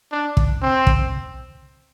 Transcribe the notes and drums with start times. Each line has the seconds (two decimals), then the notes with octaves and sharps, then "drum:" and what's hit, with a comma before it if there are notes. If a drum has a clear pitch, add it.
0.12 D4
0.37 drum: kick
0.62 C4
0.87 drum: kick